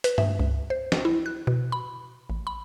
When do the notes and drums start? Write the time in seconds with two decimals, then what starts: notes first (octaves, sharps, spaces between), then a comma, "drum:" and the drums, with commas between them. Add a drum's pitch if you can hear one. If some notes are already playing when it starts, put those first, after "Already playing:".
0.04 B4, drum: hi-hat
0.18 E5, drum: tom G2
0.39 C#2
0.70 C5
0.92 drum: snare
1.05 E4
1.26 F#6
1.47 B2
1.72 B5
2.30 A1
2.47 B5